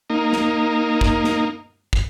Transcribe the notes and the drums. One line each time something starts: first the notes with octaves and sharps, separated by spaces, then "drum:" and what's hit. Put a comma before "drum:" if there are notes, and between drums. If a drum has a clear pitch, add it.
A#3 D#4
drum: snare
drum: kick
drum: snare
drum: kick